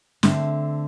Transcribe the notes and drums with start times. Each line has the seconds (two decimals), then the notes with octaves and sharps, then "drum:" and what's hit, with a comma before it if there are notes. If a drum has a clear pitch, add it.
0.23 D3 A3 C4, drum: snare